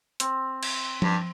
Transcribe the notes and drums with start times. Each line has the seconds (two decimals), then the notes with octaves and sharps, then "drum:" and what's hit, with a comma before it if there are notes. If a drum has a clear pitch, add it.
0.20 C4, drum: hi-hat
0.63 drum: cymbal
1.02 G2, drum: tom F3